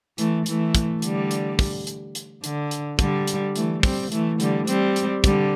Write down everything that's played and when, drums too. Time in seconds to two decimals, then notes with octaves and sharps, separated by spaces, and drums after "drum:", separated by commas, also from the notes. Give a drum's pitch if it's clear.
0.18 E3 A3, drum: hi-hat
0.46 E3 A3, drum: hi-hat
0.75 drum: kick, hi-hat
1.02 D3 G3, drum: hi-hat
1.31 drum: hi-hat
1.59 drum: kick, open hi-hat
1.87 drum: hi-hat
2.15 drum: hi-hat
2.44 D3, drum: hi-hat
2.71 drum: hi-hat
2.99 D3 G3, drum: kick, hi-hat
3.27 drum: hi-hat
3.56 E3 A3, drum: hi-hat
3.83 G3 C4, drum: kick, open hi-hat
4.12 E3 A3, drum: hi-hat
4.40 D3 G3, drum: hi-hat
4.67 G3 C4, drum: hi-hat
4.96 drum: hi-hat
5.24 D3 G3, drum: kick, hi-hat